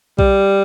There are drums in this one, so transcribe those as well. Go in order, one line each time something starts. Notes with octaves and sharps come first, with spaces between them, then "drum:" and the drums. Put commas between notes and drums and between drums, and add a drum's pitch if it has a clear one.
G3, drum: kick B1